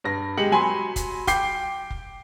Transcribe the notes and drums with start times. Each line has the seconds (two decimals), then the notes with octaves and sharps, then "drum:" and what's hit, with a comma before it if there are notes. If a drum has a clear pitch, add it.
0.04 G2 A#6
0.37 G#3 G4 C#7 F#7
0.51 F#3 G#5 B5 C6
0.96 drum: kick, hi-hat
1.27 G5 D6 G6 C7, drum: kick, hi-hat
1.90 drum: kick